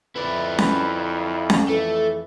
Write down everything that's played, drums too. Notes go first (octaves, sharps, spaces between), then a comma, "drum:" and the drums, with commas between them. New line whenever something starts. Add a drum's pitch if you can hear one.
F2 E4 B4 D5
drum: snare C#4
drum: snare C#4
E3 A3 A4